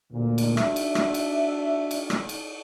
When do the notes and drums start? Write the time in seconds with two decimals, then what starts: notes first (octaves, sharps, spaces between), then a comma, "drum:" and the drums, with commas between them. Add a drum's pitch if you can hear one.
0.12 D2 A#2
0.38 drum: cymbal
0.57 D4 F#4 E5, drum: rim click
0.76 drum: cymbal
0.95 drum: rim click
1.14 drum: cymbal
1.91 drum: cymbal
2.10 drum: rim click
2.29 drum: cymbal